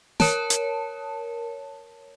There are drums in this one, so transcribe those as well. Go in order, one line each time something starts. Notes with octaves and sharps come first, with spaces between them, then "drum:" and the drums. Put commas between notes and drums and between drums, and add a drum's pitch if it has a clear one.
A#4 C#5 A5, drum: snare
drum: hi-hat